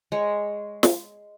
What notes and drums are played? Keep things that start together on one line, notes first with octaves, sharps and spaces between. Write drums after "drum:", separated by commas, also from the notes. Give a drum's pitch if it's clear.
G#3 C#5
drum: snare